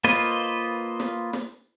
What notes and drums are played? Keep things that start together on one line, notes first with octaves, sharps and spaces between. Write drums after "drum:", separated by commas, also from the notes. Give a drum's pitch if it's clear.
A#3 F4 B4 C5 D#5, drum: snare
drum: snare
drum: snare